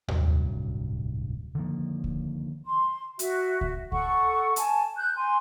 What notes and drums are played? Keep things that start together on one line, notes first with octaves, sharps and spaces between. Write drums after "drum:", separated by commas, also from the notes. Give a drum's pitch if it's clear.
D1 C2 G2 F#3, drum: tom D#2
D3 D#3 F3 A#3
drum: kick C#2
C6
F#4 E5, drum: hi-hat
drum: kick C#2
A4 F#5 C#6, drum: kick C#2
G#5 A5, drum: hi-hat
F#6 G6
G#5 C6